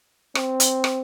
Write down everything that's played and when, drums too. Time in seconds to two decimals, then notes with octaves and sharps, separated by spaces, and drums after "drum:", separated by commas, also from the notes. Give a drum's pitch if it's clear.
0.35 C4, drum: rim click
0.60 drum: hi-hat
0.84 drum: rim click